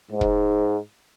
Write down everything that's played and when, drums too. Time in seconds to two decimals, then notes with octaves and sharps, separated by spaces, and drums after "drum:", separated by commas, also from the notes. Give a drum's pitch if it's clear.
0.10 G#2
0.21 drum: kick